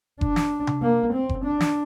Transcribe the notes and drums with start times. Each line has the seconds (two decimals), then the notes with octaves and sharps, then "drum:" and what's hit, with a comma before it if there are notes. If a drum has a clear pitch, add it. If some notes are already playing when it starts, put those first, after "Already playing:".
0.21 D4, drum: kick F#1
0.36 drum: snare
0.67 drum: tom C3
0.82 A#3
1.13 C4
1.29 drum: kick F#1
1.45 D4
1.60 drum: snare